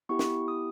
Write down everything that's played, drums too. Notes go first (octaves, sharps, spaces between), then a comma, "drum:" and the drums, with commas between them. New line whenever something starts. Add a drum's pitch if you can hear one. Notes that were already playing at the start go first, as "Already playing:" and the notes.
B3 E4 G4 C#6
drum: snare
D#6